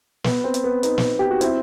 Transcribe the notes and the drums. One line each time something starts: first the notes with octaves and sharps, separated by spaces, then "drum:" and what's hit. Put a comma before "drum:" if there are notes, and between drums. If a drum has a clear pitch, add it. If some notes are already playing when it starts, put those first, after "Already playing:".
B3, drum: snare
C4
drum: hi-hat
B3
B3 D#4, drum: hi-hat
drum: snare
G4
F#4
C4 E4, drum: hi-hat